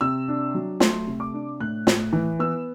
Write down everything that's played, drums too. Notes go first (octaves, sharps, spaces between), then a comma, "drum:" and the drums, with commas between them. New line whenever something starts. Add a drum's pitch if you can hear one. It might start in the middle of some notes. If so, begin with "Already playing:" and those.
C3 E6
D4
F#3
A3 C6, drum: snare
C3
D6
D4
A2 F#6
A2, drum: snare
E3
B3 E6